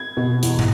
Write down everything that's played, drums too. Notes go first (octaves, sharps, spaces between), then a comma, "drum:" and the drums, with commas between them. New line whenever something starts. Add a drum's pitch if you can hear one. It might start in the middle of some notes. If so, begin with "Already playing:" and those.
Already playing: G#6
B2
E2, drum: hi-hat
drum: tom